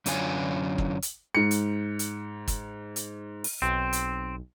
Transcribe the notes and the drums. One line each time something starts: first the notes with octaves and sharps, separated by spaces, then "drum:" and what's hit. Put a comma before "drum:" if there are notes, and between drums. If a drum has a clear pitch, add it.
F#2 D3 C#4 F4 G#5, drum: hi-hat
drum: kick
drum: hi-hat
G#2 C#7
drum: hi-hat
drum: hi-hat
drum: kick, hi-hat
drum: hi-hat
drum: open hi-hat
B1 C4
drum: hi-hat